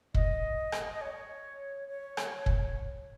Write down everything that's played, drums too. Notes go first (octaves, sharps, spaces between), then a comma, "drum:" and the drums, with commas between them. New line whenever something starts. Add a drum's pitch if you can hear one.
D#5, drum: kick
drum: rim click
D#5
C#5
C#5
drum: rim click
drum: kick